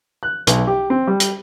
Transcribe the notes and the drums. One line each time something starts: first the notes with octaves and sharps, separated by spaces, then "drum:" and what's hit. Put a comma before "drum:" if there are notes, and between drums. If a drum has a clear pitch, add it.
F#6
B1, drum: hi-hat
G4
C4
G3
drum: hi-hat